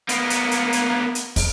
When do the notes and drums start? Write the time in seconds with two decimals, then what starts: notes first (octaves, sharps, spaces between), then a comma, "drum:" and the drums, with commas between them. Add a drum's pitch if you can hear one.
0.09 A#3 B3, drum: hi-hat
0.30 drum: hi-hat
0.51 drum: hi-hat
0.73 drum: hi-hat
1.15 drum: hi-hat
1.36 drum: kick, open hi-hat